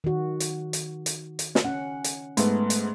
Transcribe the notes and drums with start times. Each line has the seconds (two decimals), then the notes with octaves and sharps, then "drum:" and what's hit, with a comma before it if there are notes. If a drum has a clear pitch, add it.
0.04 D#3 F#4
0.40 drum: hi-hat
0.73 drum: hi-hat
1.06 drum: hi-hat
1.39 drum: hi-hat
1.55 drum: snare
1.64 C#4 F#5
2.04 drum: hi-hat
2.37 G#2 A3 B3, drum: hi-hat
2.70 drum: hi-hat